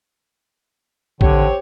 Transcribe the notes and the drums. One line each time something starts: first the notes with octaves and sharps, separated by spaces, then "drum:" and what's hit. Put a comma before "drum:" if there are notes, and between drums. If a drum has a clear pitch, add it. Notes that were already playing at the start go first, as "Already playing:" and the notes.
A1 D3 C4 G4 C#5, drum: kick